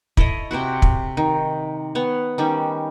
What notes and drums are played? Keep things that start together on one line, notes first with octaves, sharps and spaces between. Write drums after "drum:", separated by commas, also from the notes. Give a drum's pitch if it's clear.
E4 A4 C#5 D#5, drum: kick
C3 C4 E4 F#4
drum: kick
D#3
B3 C#5
D#3 G3 C#4